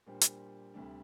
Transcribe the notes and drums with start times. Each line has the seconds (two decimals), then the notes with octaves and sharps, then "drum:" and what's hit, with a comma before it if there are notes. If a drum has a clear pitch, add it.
0.06 A#2 G3 D4 G4 C5
0.21 drum: hi-hat
0.74 D2 C3 G3 D4